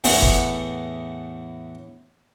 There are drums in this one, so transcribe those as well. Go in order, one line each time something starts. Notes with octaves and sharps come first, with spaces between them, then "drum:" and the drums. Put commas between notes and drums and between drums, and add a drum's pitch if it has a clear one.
E2 A2 E3 B3 F#5 C#6, drum: open hi-hat
drum: kick F#1